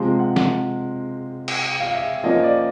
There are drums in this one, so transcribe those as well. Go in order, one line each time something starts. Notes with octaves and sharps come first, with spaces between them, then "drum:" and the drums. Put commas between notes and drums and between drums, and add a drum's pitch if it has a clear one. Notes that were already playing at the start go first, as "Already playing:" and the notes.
Already playing: C3 F3 G#3 C6
F#5
drum: snare
drum: cymbal
F5
E5
F3 A#3 C#4 D#5
D5